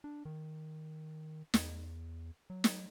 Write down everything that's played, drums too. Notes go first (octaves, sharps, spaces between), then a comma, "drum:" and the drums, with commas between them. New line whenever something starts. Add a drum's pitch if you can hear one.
D4
D#3
E2, drum: snare
F#3
drum: snare